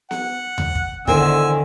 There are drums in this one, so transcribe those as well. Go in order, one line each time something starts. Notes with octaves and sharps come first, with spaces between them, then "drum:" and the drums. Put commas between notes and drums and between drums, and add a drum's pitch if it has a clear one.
F#5, drum: snare B3
drum: tom D#2
drum: kick
E2 D3 D#3 A#4 C5 G#5 E6, drum: kick